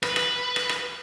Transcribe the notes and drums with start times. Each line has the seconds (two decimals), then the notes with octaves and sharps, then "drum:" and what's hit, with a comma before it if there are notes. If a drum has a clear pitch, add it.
0.03 B4, drum: rim click
0.16 drum: rim click
0.56 drum: rim click
0.69 drum: rim click